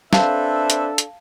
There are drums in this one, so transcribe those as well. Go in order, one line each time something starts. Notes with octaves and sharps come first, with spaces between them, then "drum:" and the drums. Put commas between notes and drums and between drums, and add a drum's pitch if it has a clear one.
C4 D4 A4 B4 E5 F5 A5, drum: snare
drum: hi-hat
drum: hi-hat